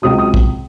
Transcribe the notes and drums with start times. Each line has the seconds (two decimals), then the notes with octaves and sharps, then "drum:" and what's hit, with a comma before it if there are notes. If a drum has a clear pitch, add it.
0.02 C#2 C3 F#3 D#6
0.19 D#6
0.34 drum: kick